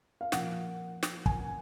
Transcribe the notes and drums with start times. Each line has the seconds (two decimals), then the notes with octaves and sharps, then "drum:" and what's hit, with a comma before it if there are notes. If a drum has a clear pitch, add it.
0.21 F5
0.32 A#2 F3 A#3 F#5, drum: snare
1.03 drum: snare
1.26 G#5, drum: kick